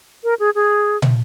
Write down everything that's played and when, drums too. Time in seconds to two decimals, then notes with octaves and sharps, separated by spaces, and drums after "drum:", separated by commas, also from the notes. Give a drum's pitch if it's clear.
0.24 A#4
0.40 G#4
0.55 G#4
1.02 drum: tom